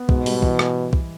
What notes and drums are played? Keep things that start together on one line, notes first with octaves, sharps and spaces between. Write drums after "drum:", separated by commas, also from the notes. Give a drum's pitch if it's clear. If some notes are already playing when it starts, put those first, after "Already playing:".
Already playing: B3
G#2 B2, drum: kick
G3, drum: open hi-hat
E3, drum: kick
drum: rim click
drum: kick